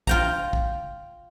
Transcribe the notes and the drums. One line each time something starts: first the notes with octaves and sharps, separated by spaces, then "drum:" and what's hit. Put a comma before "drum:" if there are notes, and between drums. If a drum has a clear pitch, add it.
F4 G5 A#5, drum: kick
drum: kick